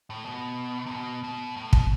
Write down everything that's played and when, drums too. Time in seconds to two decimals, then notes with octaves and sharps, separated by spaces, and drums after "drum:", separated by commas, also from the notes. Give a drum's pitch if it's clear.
0.10 A2
0.25 B2
0.86 C3
0.91 B2
1.24 B2
1.57 A2
1.73 B2, drum: kick